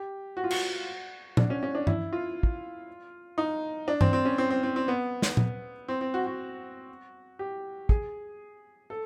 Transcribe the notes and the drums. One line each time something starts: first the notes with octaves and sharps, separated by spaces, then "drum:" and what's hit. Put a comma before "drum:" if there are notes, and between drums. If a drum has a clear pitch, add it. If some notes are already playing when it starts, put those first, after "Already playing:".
Already playing: G4
F#4
F4
F#4, drum: cymbal
D4, drum: tom A#2
C#4
C#4
D4
E4, drum: tom G2
F4
drum: kick
D#4
D4
C4, drum: tom G2
C4
C#4
C4
C4
C4
C4
B3
drum: snare
drum: tom A#2
C4
C4
F#4
F#4
G4
G#4, drum: kick
A4